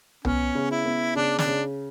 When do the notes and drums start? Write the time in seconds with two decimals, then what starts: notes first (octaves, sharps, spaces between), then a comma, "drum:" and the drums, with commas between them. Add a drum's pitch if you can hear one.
0.25 B3 C#4, drum: tom C2
0.55 C#3
0.71 E4
0.85 B3
1.15 C#3 D4
1.39 D4, drum: snare
1.46 C#3